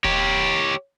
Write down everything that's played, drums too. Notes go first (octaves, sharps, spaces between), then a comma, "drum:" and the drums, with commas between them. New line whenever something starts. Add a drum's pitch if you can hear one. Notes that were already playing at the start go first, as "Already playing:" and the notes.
G4 C#5, drum: kick D#1